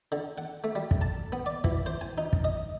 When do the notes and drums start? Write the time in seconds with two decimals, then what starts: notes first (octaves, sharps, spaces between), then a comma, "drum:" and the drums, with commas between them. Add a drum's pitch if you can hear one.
0.12 D3
0.38 F#5
0.64 A3
0.75 G3
0.91 drum: kick
1.01 A5
1.32 B3
1.46 D5
1.64 E3, drum: kick
1.86 C5
2.01 G#5
2.18 D#4
2.33 drum: kick
2.44 D#5